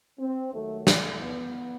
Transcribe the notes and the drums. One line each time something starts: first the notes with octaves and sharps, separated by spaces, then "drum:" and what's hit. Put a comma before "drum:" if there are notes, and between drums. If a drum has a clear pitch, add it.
C4
D#2 D#3 F#3 A3
A3, drum: snare
B3